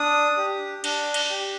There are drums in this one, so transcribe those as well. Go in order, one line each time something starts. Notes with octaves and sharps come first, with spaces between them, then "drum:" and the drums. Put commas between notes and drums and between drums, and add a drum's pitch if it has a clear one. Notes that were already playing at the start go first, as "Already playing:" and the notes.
Already playing: D4 D#6
G4
D4, drum: cymbal
drum: cymbal
G4